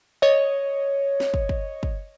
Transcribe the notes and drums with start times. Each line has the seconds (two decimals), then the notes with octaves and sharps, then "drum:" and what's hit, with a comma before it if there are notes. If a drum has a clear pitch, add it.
0.22 C#5 D#5
1.20 drum: snare
1.34 drum: kick
1.49 drum: kick
1.83 drum: kick